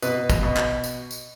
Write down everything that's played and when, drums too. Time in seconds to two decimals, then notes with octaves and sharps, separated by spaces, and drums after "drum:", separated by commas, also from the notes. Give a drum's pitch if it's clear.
0.02 B2 B4, drum: tambourine
0.30 drum: kick, tambourine
0.43 B2
0.57 drum: clap
0.84 drum: tambourine
1.11 drum: tambourine